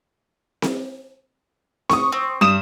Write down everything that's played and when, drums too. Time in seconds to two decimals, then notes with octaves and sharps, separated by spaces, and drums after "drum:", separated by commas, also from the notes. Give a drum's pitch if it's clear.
0.62 drum: snare C4
1.90 C#6 D#6, drum: snare C4
2.12 C4
2.41 G2 D#6 E7